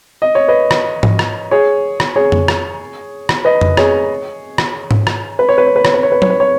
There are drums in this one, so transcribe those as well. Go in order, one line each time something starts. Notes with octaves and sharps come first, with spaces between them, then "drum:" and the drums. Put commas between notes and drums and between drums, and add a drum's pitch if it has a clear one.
D#5
C#5
B4 D#5
drum: rim click
drum: tom G#2
drum: rim click
G#4 C#5
drum: rim click
G#4 C#5
drum: tom F2
drum: rim click
drum: rim click
B4 D#5
drum: tom F2
G#4 C#5, drum: rim click
drum: rim click
drum: tom G#2
drum: rim click
B4
C#5
B4
C#5
B4
C#5, drum: rim click
B4
C#5
B4
C#5, drum: tom F#3
B4
C#5